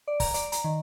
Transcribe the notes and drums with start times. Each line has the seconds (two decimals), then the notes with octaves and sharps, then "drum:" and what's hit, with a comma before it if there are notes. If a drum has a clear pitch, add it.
0.07 D5
0.20 A#5, drum: kick, open hi-hat
0.34 D5, drum: hi-hat
0.52 A#5, drum: hi-hat
0.64 D#3